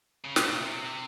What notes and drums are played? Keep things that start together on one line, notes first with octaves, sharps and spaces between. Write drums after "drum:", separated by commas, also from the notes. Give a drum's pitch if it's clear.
C#3
C3, drum: snare
A#2
C3